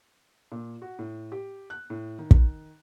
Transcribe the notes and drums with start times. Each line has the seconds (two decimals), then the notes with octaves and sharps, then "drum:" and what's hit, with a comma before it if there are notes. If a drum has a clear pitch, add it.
0.52 A#2
0.82 F#4
0.99 A2
1.32 G4
1.70 F#6
1.90 A2
2.19 D#3
2.31 drum: kick